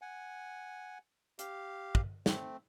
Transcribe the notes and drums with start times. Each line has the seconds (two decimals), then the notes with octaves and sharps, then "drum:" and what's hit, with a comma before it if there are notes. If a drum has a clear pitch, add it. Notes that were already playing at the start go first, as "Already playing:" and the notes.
0.02 F#5 G#5
1.39 G4 F5, drum: hi-hat
1.95 drum: kick
2.26 A3 C4, drum: snare